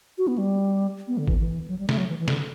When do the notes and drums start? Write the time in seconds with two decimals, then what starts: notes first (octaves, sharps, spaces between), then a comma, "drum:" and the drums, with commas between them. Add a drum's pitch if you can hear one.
0.18 F#4
0.28 B3
0.38 G3
1.08 B3
1.18 D3
1.28 E3, drum: kick G#1
1.38 E3
1.68 F#3
1.79 G3
1.89 A3, drum: snare
1.98 F#3
2.09 E3
2.19 E3
2.28 D3, drum: snare